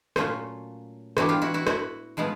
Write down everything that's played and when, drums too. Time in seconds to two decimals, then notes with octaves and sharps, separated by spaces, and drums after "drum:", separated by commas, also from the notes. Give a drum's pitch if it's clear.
0.16 A#2 F#3 A3 C#4 F4, drum: rim click
1.17 A2 E3 G3 B3 D4 E4 F#4, drum: rim click
1.29 F4 G4
1.42 E4 F#4
1.54 E4 F#4
1.67 E4 F#4, drum: rim click
2.17 A2 F3 G#3 B3 E4